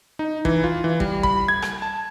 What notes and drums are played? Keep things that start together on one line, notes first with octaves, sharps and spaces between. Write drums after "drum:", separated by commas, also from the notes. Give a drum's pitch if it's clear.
D#4
E3, drum: kick
F4
E3
G3, drum: kick
B5, drum: kick
G#6
drum: rim click
A5